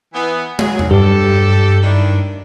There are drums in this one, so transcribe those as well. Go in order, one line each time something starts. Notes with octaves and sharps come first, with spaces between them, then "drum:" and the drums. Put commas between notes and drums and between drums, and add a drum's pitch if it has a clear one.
E3 B3
F#3 G#4, drum: tom
drum: tom E2
G2 G4 A4
D#3 D4 E4